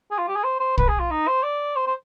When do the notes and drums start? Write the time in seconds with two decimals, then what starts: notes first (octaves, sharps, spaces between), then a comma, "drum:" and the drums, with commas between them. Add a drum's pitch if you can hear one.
0.11 G#4
0.18 F4
0.28 G4
0.36 G#4
0.44 C5
0.60 C5
0.78 B4, drum: kick
0.88 G#4
1.00 F4
1.11 D#4
1.27 C5
1.43 D5
1.76 C5
1.87 C5